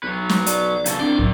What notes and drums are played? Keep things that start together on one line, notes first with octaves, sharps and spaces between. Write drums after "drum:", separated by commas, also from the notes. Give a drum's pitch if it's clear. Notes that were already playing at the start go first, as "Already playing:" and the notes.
B1 F#3 B4
drum: snare
D5, drum: hi-hat
C#3 A4, drum: hi-hat
C2 D#3 C4 D4 D5
B1 A2